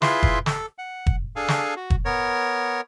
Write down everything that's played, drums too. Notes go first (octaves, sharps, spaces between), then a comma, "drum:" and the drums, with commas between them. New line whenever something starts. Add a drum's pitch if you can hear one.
E4 F4 G#4 B4 E5 C6, drum: snare
drum: kick
A4, drum: snare
F#5
drum: kick
D4 G#4 A4 F5 G#5
drum: snare
F#4
drum: kick
B3 A#4 C#5